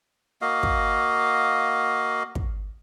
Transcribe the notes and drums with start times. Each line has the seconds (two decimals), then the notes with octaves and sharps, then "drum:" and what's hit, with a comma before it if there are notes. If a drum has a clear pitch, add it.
0.41 A#3 F#4 D#5 F5
0.63 drum: kick
2.35 drum: kick